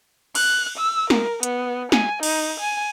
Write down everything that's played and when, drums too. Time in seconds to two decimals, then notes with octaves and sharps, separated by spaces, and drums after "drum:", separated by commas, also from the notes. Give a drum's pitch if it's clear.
0.35 F#6, drum: cymbal
0.78 E6
1.10 A#4, drum: snare
1.43 B3, drum: hi-hat
1.92 G#5, drum: snare
2.23 D#4, drum: cymbal
2.60 G#5